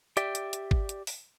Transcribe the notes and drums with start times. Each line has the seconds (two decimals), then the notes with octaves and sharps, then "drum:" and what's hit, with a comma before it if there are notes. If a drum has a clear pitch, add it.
0.17 G4 D5 E5 G5, drum: hi-hat
0.35 drum: hi-hat
0.53 drum: hi-hat
0.71 drum: kick G#1
0.89 drum: hi-hat
1.07 drum: open hi-hat